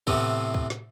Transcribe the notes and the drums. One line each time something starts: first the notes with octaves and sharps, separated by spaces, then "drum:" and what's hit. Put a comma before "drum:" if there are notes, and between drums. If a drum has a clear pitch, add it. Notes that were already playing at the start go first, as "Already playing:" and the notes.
A2 C3 E3 A3 B3, drum: kick
drum: kick
drum: snare